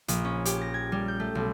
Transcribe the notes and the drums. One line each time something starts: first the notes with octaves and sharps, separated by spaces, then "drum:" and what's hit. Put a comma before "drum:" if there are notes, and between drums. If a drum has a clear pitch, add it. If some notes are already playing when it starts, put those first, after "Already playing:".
A#1, drum: hi-hat
C#4
G4, drum: hi-hat
A#6
G#6
G3
G6
A3
B1